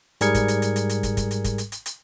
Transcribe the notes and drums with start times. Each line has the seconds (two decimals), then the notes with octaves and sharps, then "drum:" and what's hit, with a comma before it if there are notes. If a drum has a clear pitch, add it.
0.21 G#2 G3 G#4 A#4 G#6 C#7, drum: hi-hat
0.35 drum: kick, hi-hat
0.48 drum: hi-hat
0.62 drum: hi-hat
0.76 drum: hi-hat
0.89 drum: hi-hat
1.03 drum: kick, hi-hat
1.17 drum: kick, hi-hat
1.31 drum: hi-hat
1.44 drum: kick, hi-hat
1.58 drum: hi-hat
1.72 drum: hi-hat
1.86 drum: hi-hat